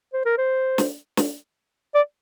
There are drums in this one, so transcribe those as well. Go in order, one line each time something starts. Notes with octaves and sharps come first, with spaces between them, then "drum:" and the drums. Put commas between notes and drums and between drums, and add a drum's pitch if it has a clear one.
C5
A#4
C5
drum: snare
drum: snare
D5